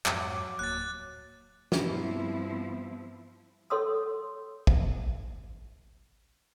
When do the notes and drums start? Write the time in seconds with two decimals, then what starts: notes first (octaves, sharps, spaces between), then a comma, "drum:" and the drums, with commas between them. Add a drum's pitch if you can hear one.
0.06 F2 G#2 F#3 D6, drum: clap
0.59 D1 A#3 F#6 A6
1.72 G2 F3 B3 C4 E4, drum: snare
3.70 A4 C#5 C6 D#6 E6
4.67 drum: kick